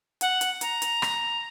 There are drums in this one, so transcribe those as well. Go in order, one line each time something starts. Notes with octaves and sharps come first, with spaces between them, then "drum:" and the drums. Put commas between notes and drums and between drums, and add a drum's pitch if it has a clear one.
F#5, drum: hi-hat
drum: hi-hat
A#5, drum: hi-hat
drum: hi-hat
drum: rim click